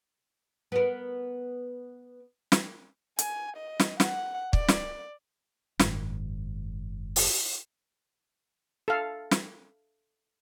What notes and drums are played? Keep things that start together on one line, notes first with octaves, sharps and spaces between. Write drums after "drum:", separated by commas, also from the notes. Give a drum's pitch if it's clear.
B3 A#4
drum: snare
G#5, drum: hi-hat
D#5
drum: snare
F#5, drum: snare
D5, drum: kick
drum: snare
F#1 G#2 D#3, drum: snare
drum: open hi-hat
A4 F5
drum: snare